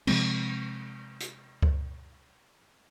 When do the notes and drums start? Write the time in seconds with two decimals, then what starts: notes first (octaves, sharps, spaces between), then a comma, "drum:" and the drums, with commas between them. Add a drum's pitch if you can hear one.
0.07 C3 F3 G#3 C4, drum: cymbal
1.20 drum: hi-hat
1.62 drum: kick C#2